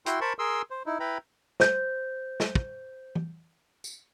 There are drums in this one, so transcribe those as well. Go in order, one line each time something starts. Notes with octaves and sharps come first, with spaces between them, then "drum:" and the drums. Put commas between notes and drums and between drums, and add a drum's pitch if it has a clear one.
E4 F#4 G5 C6, drum: hi-hat
A#4 C5 A5 B5 C#6
G#4 A#4 C6 D#6 E6
C5
D#4 E4
E4 B4 G5 A#5 B5
C5 G6, drum: snare
drum: snare
drum: kick
drum: tom
drum: tambourine